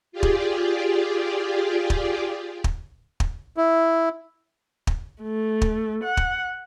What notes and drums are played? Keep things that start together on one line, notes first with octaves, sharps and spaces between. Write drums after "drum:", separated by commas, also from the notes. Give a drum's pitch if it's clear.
F4 G4 G#4 D5
drum: kick
drum: kick
drum: kick
drum: kick
E4
drum: kick
A3
drum: kick
F#5
drum: kick